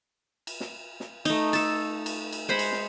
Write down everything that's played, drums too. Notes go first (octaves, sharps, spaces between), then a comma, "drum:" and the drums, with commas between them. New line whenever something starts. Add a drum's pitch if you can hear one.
drum: cymbal
drum: snare
drum: snare
A3 D#4, drum: cymbal
A4 A5, drum: cymbal
drum: cymbal
drum: cymbal
G#3 C5 F#5 B5
drum: cymbal
drum: snare